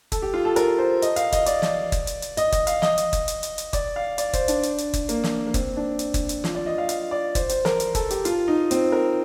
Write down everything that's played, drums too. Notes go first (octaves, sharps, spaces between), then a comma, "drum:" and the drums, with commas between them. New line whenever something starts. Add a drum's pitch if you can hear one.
A4, drum: kick, hi-hat
G4
F4
A4
A#4, drum: hi-hat
C5
D#5, drum: hi-hat
F5, drum: hi-hat
D#5, drum: kick, hi-hat
D5, drum: hi-hat
drum: snare
drum: kick, hi-hat
drum: hi-hat
drum: hi-hat
D#5, drum: hi-hat
D#5, drum: kick, hi-hat
F5, drum: hi-hat
D#5, drum: snare
drum: hi-hat
drum: kick, hi-hat
drum: hi-hat
drum: hi-hat
drum: hi-hat
D5, drum: kick, hi-hat
F5
D5, drum: hi-hat
C5, drum: kick, hi-hat
D4, drum: hi-hat
drum: hi-hat
drum: hi-hat
drum: kick, hi-hat
A#3, drum: hi-hat
drum: snare
A#3
C4, drum: kick, hi-hat
D4
drum: hi-hat
drum: kick, hi-hat
drum: hi-hat
F4, drum: snare
D5
D#5
F5
F5, drum: hi-hat
D5
C5, drum: kick, hi-hat
C5, drum: hi-hat
A#4, drum: snare
drum: hi-hat
A4, drum: kick, hi-hat
G4, drum: hi-hat
F4, drum: hi-hat
D#4
C4, drum: hi-hat
A#4